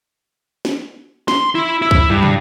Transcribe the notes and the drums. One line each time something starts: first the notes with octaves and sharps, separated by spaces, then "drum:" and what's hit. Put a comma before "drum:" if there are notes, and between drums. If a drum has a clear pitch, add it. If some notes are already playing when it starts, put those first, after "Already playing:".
drum: snare
C6, drum: snare
E4
E4
drum: kick
G2
drum: tom